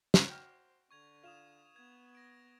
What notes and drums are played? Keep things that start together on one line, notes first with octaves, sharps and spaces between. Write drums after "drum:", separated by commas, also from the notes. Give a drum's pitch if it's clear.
drum: snare
F#4 C5 G5 F6
D3 C#6 G#6 F7
F4 D#6 E7 F7
B3 G#6
A#6 D7